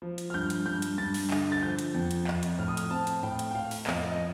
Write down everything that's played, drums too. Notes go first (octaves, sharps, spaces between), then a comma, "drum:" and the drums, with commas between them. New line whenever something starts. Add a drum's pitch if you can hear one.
F3
drum: hi-hat
F6
G2 G6
drum: hi-hat
G2 G6
drum: hi-hat
G2 A6
drum: open hi-hat
D3, drum: clap
A6
F3 G6
drum: hi-hat
F2
drum: hi-hat
F2, drum: clap
drum: hi-hat
A2 F6
D#6
F6, drum: hi-hat
C4 A5
drum: hi-hat
A2 G5
drum: hi-hat
G5
A2 F5
drum: open hi-hat
F2 D#5, drum: clap
D#5